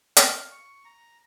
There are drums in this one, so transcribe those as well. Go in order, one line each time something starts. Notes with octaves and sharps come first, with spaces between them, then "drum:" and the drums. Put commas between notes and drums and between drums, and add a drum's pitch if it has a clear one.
F5, drum: hi-hat
C#6
A#5